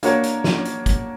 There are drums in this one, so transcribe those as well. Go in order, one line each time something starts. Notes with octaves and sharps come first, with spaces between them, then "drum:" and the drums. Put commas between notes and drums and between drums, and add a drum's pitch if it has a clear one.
A#3 D4 F#4 A#4 C#5, drum: hi-hat
drum: hi-hat
drum: snare
drum: hi-hat
drum: kick, hi-hat